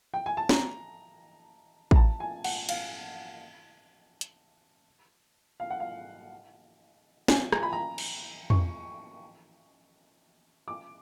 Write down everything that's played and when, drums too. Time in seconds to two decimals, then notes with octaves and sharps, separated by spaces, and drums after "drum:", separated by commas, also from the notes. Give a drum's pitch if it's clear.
0.14 G5
0.26 G#5
0.37 A5
0.49 A#5, drum: snare
1.91 A#5, drum: kick
1.95 A5
2.20 G#5
2.44 F#5, drum: cymbal
2.69 F5, drum: cymbal
4.21 drum: hi-hat
5.60 F5
5.70 F#5
5.80 F5
7.28 G#5, drum: snare
7.52 A#5, drum: rim click
7.63 B5
7.73 A#5
7.98 drum: cymbal
8.50 C#6, drum: tom
10.68 D6